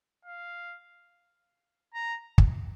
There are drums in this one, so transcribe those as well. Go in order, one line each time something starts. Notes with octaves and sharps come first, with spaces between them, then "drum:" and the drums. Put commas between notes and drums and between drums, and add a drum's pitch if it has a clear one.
F5
A#5
drum: kick